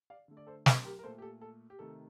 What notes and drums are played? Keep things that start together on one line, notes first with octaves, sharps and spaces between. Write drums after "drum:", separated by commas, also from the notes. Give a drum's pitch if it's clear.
D5 F5
D3 A3
D5
A4 C5
A4, drum: snare
A4
G4 A#4
A#4
A#2 A3 A4 C5
G4
A4
A4
G4
C3 D#3 A3 A4